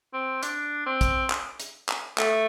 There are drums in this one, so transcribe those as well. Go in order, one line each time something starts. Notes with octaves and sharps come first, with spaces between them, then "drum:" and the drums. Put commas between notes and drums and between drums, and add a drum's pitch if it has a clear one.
C4
D4, drum: hi-hat
C4
drum: kick, hi-hat
drum: clap
drum: hi-hat
drum: clap
A3, drum: clap